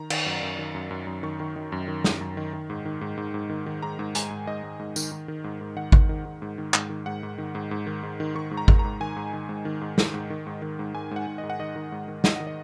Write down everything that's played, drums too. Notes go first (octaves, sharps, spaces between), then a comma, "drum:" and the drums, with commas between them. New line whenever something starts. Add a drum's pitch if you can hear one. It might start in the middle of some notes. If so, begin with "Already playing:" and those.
Already playing: D#3 A#5
D#3, drum: cymbal
F#2
F#2
D#3
F#2
F#2
F#2
D#3 C#6
D#3
D#3
F#2
D#3
F#2, drum: snare
F#2
D#3
D#3
G#2
D#3
G#2
G#2
G#2
D#3
D#3
G#2 A#5
G#2
G#2 G#5, drum: hi-hat
G#2
G#2 D#5
G#2
G#2
D#3, drum: tambourine
D#3
D#3
G#2
G#2
D#3 F#5
D#3, drum: kick G#1
D#3
D#3
G#2
D#3
G#2, drum: clap
D#3
G#2 F#5
G#2
D#3
G#2
G#2
D#3
G#2
D#3
D#3 C#6
G#2
A#5
G#2, drum: kick G#1
A#5
G#2
D#3 G#5
G#2
D#3
G#2
D#3
G#2
D#3, drum: snare
G#2
D#3
G#2
D#3
G#2
G#2 G#5
G#2 F#5
G#2
D#5
G#2
F#5
D#3 D#5
D#3
G#2
D#3
D#3 D#5, drum: snare
D#3 F#5
D#5